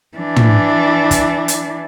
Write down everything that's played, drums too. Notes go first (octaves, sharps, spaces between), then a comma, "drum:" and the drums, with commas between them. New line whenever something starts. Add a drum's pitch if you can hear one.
E3 D4
drum: tom
drum: kick, hi-hat
drum: hi-hat